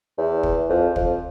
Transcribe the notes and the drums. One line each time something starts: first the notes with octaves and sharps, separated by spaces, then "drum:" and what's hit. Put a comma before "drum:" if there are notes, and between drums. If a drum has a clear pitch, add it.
E2
drum: kick
F2
F2, drum: kick